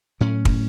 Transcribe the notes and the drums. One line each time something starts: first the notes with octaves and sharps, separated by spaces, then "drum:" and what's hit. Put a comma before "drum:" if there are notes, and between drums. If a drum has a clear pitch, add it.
A2 F#3 C#4
drum: kick